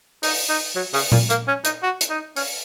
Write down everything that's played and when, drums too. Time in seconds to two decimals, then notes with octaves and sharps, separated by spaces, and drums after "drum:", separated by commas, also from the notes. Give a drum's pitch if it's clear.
0.23 D#4, drum: open hi-hat
0.49 D#4
0.76 F#3
0.94 C#3, drum: open hi-hat
1.12 A#2, drum: tom A#2
1.30 A#3, drum: hi-hat
1.48 C#4
1.65 D#4, drum: hi-hat
1.83 F#4
2.01 drum: hi-hat
2.10 D#4
2.36 C#4, drum: open hi-hat